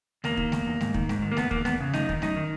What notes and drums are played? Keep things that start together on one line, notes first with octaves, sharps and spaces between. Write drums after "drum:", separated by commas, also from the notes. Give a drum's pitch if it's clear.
E2 A#3, drum: snare A3
D#3, drum: kick
E2, drum: snare A3
E2
G#2, drum: snare A3
D#3, drum: kick
G#2, drum: snare A3
D#3
A#3
E2 B3, drum: snare A3
E2 A#3, drum: kick
E2 B3, drum: snare A3
C#3
F#2 D#4, drum: snare A3
D#3, drum: kick
F#2 D#4, drum: snare A3
D#3